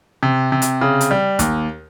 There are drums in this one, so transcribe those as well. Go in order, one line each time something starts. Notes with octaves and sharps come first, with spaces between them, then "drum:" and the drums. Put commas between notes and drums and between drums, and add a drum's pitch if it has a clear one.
C3
C3
drum: hi-hat
C#3
drum: hi-hat
G3
D#2, drum: kick, hi-hat